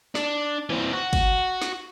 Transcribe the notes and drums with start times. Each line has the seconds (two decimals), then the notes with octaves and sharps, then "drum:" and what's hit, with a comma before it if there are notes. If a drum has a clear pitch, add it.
0.15 D4, drum: snare
0.70 E3 C4
0.93 F#4
1.13 drum: kick, cymbal
1.62 drum: snare